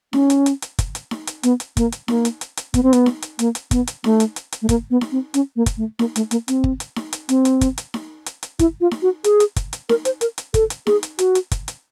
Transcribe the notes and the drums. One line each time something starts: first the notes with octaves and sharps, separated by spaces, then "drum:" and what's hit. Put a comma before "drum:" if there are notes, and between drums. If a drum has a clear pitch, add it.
C#4, drum: snare D#4
drum: hi-hat
drum: hi-hat
drum: hi-hat
drum: kick G1, hi-hat
drum: hi-hat
drum: snare D#4
drum: hi-hat
B3, drum: hi-hat
drum: hi-hat
A#3, drum: kick G1, hi-hat
drum: hi-hat
A#3, drum: snare D#4
drum: hi-hat
drum: hi-hat
drum: hi-hat
B3, drum: kick G1, hi-hat
C4
B3, drum: hi-hat
drum: snare D#4
drum: hi-hat
A#3, drum: hi-hat
drum: hi-hat
B3, drum: kick G1, hi-hat
drum: hi-hat
A3, drum: snare D#4
drum: hi-hat
drum: hi-hat
drum: hi-hat
A3
A#3, drum: kick G1, hi-hat
B3
drum: snare D#4
C4
C#4, drum: hi-hat
A#3
drum: kick G1, hi-hat
A3
A#3, drum: snare D#4
A3, drum: hi-hat
A#3, drum: hi-hat
C4, drum: hi-hat
drum: kick G1
drum: hi-hat
drum: snare D#4
drum: hi-hat
C4, drum: hi-hat
drum: hi-hat
drum: kick G1, hi-hat
drum: hi-hat
drum: snare D#4
drum: hi-hat
drum: hi-hat
E4, drum: kick G1, hi-hat
F4
drum: snare D#4
F#4
G#4, drum: hi-hat
drum: hi-hat
drum: kick G1, hi-hat
drum: hi-hat
A#4, drum: snare D#4
C5, drum: hi-hat
A#4, drum: hi-hat
drum: hi-hat
A4, drum: kick G1, hi-hat
drum: hi-hat
G#4, drum: snare D#4
drum: hi-hat
F#4, drum: hi-hat
drum: hi-hat
drum: kick G1, hi-hat
drum: hi-hat